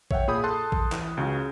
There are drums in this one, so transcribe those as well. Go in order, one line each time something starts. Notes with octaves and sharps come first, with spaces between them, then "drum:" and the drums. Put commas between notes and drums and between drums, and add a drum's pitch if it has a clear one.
C#5 E5 F#5 G5, drum: kick
A#2 G#4 B5 D#6 G6
A4 A5 C6 F#6
drum: kick
E3, drum: clap
C#2 C#3 F#4